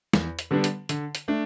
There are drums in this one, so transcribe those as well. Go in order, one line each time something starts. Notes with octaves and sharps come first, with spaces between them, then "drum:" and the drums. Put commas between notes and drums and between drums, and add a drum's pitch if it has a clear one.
E2, drum: snare
drum: hi-hat
D3 G3 B3 D4
drum: hi-hat
D3, drum: hi-hat
drum: hi-hat
A3 D4